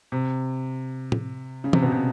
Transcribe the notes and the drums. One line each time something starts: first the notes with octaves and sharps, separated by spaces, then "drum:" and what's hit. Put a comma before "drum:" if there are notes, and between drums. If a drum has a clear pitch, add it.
C3
drum: tom
C#3
C3, drum: tom
B2
C3